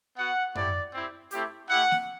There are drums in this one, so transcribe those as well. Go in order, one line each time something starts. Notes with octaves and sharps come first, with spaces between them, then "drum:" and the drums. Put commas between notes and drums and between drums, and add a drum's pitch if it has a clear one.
B3 F#4 F#5
A3 E4 G4 D5, drum: tom F#2
C4 E4 G4
A3 C4 E4 G4, drum: hi-hat
A3 E4 G4 F#5
drum: snare A#3